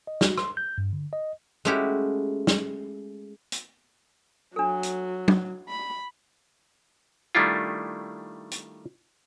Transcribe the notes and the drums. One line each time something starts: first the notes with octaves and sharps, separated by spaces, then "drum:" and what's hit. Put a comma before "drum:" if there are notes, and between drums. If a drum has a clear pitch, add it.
D#5
F#4, drum: snare
C6, drum: rim click
G6
G2
D3
D#5
G#3 A3 C#4 E4 F#4 G4
drum: snare
drum: hi-hat
F#3 D4 A4
drum: hi-hat
drum: tom F#3
B5
D#3 G3 A3 D4 E4 F4
drum: hi-hat